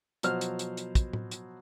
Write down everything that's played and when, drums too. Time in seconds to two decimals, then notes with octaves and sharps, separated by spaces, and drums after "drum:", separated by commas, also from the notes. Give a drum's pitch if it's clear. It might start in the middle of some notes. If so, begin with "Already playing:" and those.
0.23 B2 F3 F#3 C5 F6, drum: hi-hat
0.41 drum: hi-hat
0.59 drum: hi-hat
0.77 drum: hi-hat
0.95 drum: kick, hi-hat
1.13 drum: tom A2
1.31 drum: hi-hat